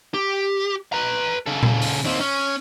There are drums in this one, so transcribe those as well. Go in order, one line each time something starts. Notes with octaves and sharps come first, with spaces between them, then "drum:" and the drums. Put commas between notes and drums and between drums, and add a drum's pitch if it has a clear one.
G4
B4 A#5
C#3 A4
drum: tom A#2
drum: open hi-hat
D#2 C4
C#4